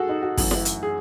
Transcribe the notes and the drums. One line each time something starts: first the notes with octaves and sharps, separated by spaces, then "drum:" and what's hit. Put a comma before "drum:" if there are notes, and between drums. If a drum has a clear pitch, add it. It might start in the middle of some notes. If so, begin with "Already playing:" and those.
Already playing: F#4 G#4 A4
D#4
F#4
F#2 E3 A3, drum: kick, open hi-hat
drum: snare E4
drum: hi-hat
G#4